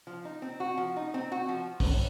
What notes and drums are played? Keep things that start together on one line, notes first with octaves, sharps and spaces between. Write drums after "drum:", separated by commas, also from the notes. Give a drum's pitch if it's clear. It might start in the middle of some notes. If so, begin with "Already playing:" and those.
F3
D#4
C4
F#4
F3
D#4
C4
F#4
F3
drum: kick B1, open hi-hat